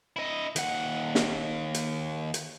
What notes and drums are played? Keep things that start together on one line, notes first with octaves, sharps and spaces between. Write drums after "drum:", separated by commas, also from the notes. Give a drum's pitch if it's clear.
E4 D#5
D#2 F#5, drum: hi-hat
drum: snare
drum: hi-hat
drum: hi-hat